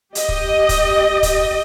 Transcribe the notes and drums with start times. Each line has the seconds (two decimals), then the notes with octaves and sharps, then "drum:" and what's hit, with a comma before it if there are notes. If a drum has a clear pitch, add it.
0.15 G4 D#5, drum: hi-hat
0.29 drum: kick
0.69 drum: kick, hi-hat
1.23 drum: kick, hi-hat